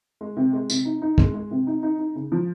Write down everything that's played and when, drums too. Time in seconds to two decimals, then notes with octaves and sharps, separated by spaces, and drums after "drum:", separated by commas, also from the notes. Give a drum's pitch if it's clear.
0.21 G#3
0.37 C3
0.53 G#3
0.70 C3, drum: tambourine
0.85 D#4
1.02 D#4
1.18 G#3, drum: kick
1.34 G#3
1.51 C3
1.67 D#4
1.83 D#4
1.99 D#4
2.15 C#3
2.32 F3